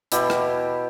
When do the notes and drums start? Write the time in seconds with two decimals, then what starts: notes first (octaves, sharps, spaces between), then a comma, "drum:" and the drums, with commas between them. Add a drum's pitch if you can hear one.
0.12 B2 E4 G4, drum: hi-hat
0.30 drum: rim click